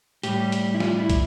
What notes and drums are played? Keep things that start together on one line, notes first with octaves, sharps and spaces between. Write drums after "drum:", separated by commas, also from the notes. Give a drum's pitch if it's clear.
A2 G3 G4, drum: hi-hat
drum: hi-hat
E4
F4, drum: snare
E4
drum: kick, hi-hat